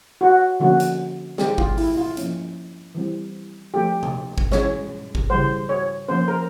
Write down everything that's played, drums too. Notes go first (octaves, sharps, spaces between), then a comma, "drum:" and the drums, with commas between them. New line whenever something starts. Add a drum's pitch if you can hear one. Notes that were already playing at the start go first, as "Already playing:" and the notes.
F#4
D3 F3 A#3 C#4 F#4
drum: hi-hat
D#3 G#3 C4 G4, drum: snare
F4, drum: kick G#1
E4, drum: open hi-hat
F4
F3 A#3 C#4, drum: hi-hat
E3 G3 C4
F3 A3 C4 G4
drum: tom C3
drum: kick G#1
E3 G#3 C#4 C#5, drum: snare
drum: kick G#1
C#3 E3 G3 C5
C#5
F3 A#3 C#4 C5
A#4